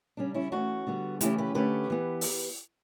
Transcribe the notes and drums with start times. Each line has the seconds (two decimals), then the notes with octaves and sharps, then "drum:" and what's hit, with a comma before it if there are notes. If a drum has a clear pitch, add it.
0.17 C#3 G3 C#4 D4
0.34 C#4 E4
0.52 E3 A3 C#4 D4 F#4
0.87 D3 G3 B3
1.21 C#3 E3 A3 C#4 E4 G4, drum: hi-hat
1.38 G4 B4
1.55 D3 A3 C#4 G4 B4
1.90 E3 B3
2.21 drum: open hi-hat